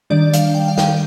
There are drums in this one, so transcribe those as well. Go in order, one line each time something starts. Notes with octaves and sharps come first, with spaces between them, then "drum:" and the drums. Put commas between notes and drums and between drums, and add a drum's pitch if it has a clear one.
D#3 G3 D4 D5
F5, drum: hi-hat
G5
F5
G5, drum: snare